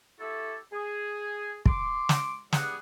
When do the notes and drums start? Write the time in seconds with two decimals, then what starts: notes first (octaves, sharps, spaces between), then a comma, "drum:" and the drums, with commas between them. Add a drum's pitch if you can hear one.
0.19 A3 E4 F#4 G4 A4
0.73 G#4
1.66 C6 D6, drum: kick
2.09 drum: snare
2.53 G2 E3 G3 B3 G#4 F#5, drum: snare